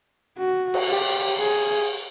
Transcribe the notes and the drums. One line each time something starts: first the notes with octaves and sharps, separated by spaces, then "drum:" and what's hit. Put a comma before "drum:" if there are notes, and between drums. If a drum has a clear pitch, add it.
F#4
drum: cymbal
G4
G#4